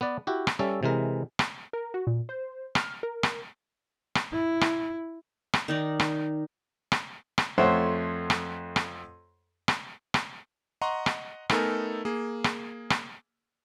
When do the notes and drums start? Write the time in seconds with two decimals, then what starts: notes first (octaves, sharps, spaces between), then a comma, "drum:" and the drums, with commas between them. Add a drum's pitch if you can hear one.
0.01 B3 B4 D5
0.27 E4 F#4 G4
0.47 drum: rim click
0.59 G3 C#4 A4 E5
0.83 C3 E3 G#3 A#4
1.39 drum: rim click
1.73 A#4
1.94 F#4
2.07 A#2
2.29 C5
2.75 F6, drum: rim click
3.03 A#4
3.23 drum: rim click
4.15 drum: rim click
4.32 E4
4.61 drum: rim click
5.53 drum: rim click
5.68 D#3 D#4 D5
6.00 drum: rim click
6.92 drum: rim click
7.38 drum: rim click
7.58 F2 A3 C5 C#5 E5 F#5
8.30 drum: rim click
8.76 drum: rim click
9.68 drum: rim click
10.14 drum: rim click
10.81 D#5 F#5 A#5 C6 C#6
11.06 drum: rim click
11.49 A3 B3 D#4 A4 A#4 G#5, drum: rim click
12.05 A#3 G#4
12.44 drum: rim click
12.90 drum: rim click